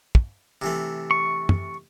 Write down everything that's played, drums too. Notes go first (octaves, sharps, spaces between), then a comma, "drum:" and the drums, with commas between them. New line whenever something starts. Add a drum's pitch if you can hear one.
drum: kick
C3 E3 A3
C#6
drum: tom